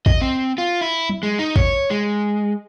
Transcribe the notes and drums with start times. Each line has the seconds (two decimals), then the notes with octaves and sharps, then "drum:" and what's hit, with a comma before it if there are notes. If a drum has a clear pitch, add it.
0.06 D#5, drum: kick
0.21 C4
0.58 F4
0.81 E4
1.10 drum: tom F#3
1.23 G#3
1.39 D#4
1.56 C#5, drum: kick
1.91 G#3